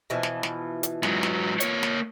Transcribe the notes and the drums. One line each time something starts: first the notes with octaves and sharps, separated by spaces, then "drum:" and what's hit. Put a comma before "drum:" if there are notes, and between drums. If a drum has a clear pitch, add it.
B2 E3 F3
drum: snare
drum: snare
drum: hi-hat
G#2 F#3, drum: snare
drum: snare
A#3 C#5, drum: hi-hat
drum: snare